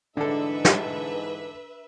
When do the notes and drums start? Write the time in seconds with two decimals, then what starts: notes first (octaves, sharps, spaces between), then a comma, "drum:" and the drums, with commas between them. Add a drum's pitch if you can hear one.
0.17 G#2 D3 E3 D4 D#4 A4 B4 E5
0.65 drum: snare